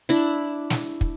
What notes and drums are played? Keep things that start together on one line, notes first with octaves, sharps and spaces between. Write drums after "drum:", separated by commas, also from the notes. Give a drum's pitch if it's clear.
D4 E4
drum: snare
drum: kick